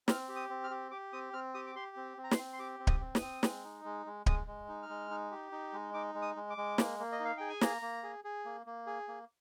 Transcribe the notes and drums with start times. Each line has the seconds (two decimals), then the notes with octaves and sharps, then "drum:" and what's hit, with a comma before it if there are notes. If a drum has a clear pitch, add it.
0.08 C4 F6, drum: snare
0.29 G4
0.36 D#6
0.50 C4
0.64 F6
0.71 G4
0.91 G4 D6
1.13 C4 D#6
1.33 C4 F6
1.54 G4 D#6
1.67 D6
1.76 G4 C6
1.96 C4
2.17 C4
2.24 A#5
2.31 C6, drum: snare
2.39 C4
2.53 C6
2.59 G4 D6
2.80 C4
2.87 D#6, drum: kick D1
3.01 C4
3.15 D#6, drum: snare
3.21 C4
3.43 G#3, drum: snare
3.64 D#4
3.84 G#3
4.06 G#3
4.26 G#3 D#6, drum: kick D1
4.47 G#3
4.68 D#4
4.83 F6
4.89 G#3
5.10 D#4
5.31 G4
5.52 D#4
5.73 G#3
5.94 D#4 D6
6.15 G#3
6.22 D#6
6.36 G#3
6.50 D6
6.57 G#3
6.78 A#3, drum: snare
6.99 A#3
7.12 D#5
7.20 D#4
7.25 F5
7.37 G#4 G5
7.49 G#5
7.61 A#3 A#5, drum: snare
7.82 A#3
8.03 G#4
8.24 G#4
8.45 A#3
8.66 A#3
8.87 G#4
9.08 A#3